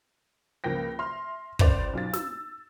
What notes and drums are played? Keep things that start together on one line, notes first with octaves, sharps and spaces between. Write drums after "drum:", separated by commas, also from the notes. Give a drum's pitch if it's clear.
C#2 F3 A#3 G5 A#6
E5 C6 F6
G1 C#2 C5 D5 F7, drum: kick
B1 F4 A6
E6, drum: snare